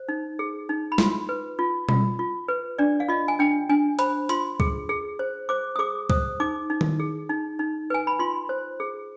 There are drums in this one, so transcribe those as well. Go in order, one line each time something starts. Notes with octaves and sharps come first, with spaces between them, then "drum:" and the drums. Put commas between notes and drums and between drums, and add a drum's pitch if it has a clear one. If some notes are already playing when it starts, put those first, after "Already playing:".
Already playing: C5
D#4
G#4
D#4
B5
F4 C6, drum: snare
B4
F4
F4, drum: tom B2
F4
B4
D4 D5
F5
F4 D#5
G#5
D4 G5
D4 G#5
C5 B5, drum: hi-hat
F4 C6, drum: hi-hat
G#4, drum: kick
G#4
C5
C5 D6
D#6
G#4 D6
C5 D#6, drum: kick
D#4 D6
D#4
drum: tom D#3
G#4
D#4
D#4
B4 G#5
B5
F4 C6
C5
G#4